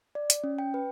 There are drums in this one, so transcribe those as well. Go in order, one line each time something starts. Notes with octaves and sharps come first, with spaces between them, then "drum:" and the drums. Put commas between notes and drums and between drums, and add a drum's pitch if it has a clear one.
D5
drum: hi-hat
C#4
G5
B4